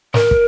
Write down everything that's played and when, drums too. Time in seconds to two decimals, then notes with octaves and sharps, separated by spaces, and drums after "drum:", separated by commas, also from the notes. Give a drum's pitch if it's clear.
0.14 A#4, drum: snare
0.31 drum: kick